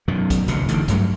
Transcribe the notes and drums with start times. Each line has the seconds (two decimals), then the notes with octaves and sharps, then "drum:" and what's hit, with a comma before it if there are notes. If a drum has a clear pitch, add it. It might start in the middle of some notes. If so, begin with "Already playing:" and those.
0.08 F#2 B2 D#3
0.30 drum: kick, hi-hat
0.48 F1 D2 B2, drum: hi-hat
0.68 A1 D3 D#3, drum: hi-hat
0.88 G2 F#3 A3, drum: kick, hi-hat